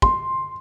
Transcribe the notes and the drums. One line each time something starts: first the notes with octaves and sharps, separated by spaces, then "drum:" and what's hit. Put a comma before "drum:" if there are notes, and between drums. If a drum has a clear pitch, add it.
C6, drum: kick